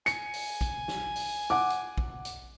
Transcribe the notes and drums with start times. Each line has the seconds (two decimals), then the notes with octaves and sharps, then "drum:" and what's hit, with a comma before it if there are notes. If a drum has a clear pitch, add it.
0.06 G#5 C#7, drum: hi-hat
0.34 drum: open hi-hat
0.61 drum: kick, hi-hat
0.88 drum: snare
1.16 drum: open hi-hat
1.50 F#5 D6
1.70 drum: hi-hat
1.98 drum: kick
2.25 drum: hi-hat